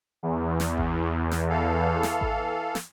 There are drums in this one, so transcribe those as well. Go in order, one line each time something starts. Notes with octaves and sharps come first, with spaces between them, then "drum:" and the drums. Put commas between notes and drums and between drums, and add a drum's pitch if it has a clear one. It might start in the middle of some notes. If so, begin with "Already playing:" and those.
E2
drum: snare
drum: kick G#1
drum: snare
E3 A4 F5
drum: snare
drum: kick G#1
drum: snare